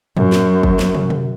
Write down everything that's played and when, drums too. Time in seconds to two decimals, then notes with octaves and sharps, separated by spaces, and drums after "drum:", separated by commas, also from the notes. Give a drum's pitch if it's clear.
0.17 F#2, drum: tom A2
0.32 drum: snare
0.63 drum: kick
0.79 drum: snare
0.95 drum: tom
1.10 drum: tom